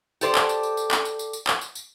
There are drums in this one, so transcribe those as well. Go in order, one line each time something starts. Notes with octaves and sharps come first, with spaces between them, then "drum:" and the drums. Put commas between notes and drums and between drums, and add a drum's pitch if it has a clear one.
G4 A4 C5 D5, drum: tambourine
drum: clap
drum: tambourine
drum: tambourine
drum: tambourine
drum: clap
drum: tambourine
drum: tambourine
drum: tambourine
drum: clap
drum: tambourine
drum: tambourine